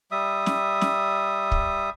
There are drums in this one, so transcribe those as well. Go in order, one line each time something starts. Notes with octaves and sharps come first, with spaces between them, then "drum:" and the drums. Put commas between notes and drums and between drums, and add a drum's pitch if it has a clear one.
G3 E5 D#6
drum: snare
drum: snare
drum: kick